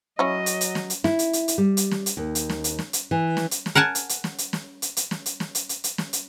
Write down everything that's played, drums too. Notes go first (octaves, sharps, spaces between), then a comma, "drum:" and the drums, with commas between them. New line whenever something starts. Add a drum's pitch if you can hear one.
F#3 C#4 E4 D#5
drum: hi-hat
drum: hi-hat
drum: snare
drum: hi-hat
E4, drum: snare
drum: hi-hat
drum: hi-hat
drum: hi-hat
G3
drum: hi-hat
drum: snare
drum: hi-hat
D#2
drum: hi-hat
drum: snare
drum: hi-hat
drum: snare
drum: hi-hat
E3
drum: snare
drum: hi-hat
drum: snare
A#4 F#5 G#5 A5
drum: hi-hat
drum: hi-hat
drum: snare
drum: hi-hat
drum: snare
drum: hi-hat
drum: hi-hat
drum: snare
drum: hi-hat
drum: snare
drum: hi-hat
drum: hi-hat
drum: hi-hat
drum: snare
drum: hi-hat